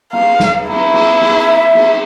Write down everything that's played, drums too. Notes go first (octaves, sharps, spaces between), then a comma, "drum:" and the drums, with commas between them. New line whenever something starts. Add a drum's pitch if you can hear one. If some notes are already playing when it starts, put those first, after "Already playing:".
F5, drum: cymbal
drum: snare
E4, drum: cymbal
drum: cymbal
drum: cymbal
E5
drum: cymbal